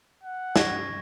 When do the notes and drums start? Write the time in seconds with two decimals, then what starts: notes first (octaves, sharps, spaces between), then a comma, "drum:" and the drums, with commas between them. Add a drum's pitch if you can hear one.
0.24 F#5
0.56 C#6 G#6 A#6, drum: snare